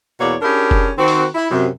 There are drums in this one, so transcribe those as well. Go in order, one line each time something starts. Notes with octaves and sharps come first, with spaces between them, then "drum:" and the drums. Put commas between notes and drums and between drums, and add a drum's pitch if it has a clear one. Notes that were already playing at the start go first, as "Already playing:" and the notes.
E2 B2 A#3 C#5 D5
C#4 D4 E4 G4 G#4 A#4
drum: kick F1
D#3 C4 F#4
drum: open hi-hat
E4
F#2 C3